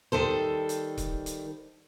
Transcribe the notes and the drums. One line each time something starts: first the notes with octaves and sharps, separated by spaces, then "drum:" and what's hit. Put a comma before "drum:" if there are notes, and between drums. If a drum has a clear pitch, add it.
D#3 G3 A4 C5, drum: tom
drum: hi-hat
drum: kick C#1, hi-hat
drum: hi-hat